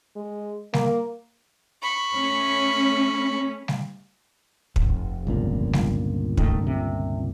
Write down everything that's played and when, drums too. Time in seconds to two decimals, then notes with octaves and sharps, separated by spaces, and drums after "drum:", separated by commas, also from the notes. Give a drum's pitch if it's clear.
0.16 G#3
0.74 A#3, drum: snare G3
1.82 B5 C#6
2.15 A3 C#4
3.68 drum: snare G3
4.76 F1, drum: kick
5.27 G1 C#2 A#2
5.73 drum: snare G3
6.37 D#3 A3, drum: kick
6.67 C3